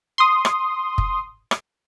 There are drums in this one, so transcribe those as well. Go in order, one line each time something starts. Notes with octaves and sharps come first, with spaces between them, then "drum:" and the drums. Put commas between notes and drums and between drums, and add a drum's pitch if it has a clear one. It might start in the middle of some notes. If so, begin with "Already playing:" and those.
C6 D#6
drum: rim click
drum: kick
drum: rim click